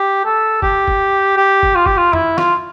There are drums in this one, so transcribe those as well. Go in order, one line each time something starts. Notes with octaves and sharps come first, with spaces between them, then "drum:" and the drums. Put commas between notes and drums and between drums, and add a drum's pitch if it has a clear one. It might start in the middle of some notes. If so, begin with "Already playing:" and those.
Already playing: G4
A4
G4, drum: kick
drum: kick
G4
drum: kick
F4
G4, drum: kick
F4
E4, drum: tom F2
F4, drum: snare